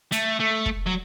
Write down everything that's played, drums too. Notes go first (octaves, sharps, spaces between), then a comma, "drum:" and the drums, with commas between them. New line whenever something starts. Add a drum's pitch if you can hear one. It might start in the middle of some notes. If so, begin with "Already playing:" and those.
A3, drum: hi-hat
A3
drum: kick
F#3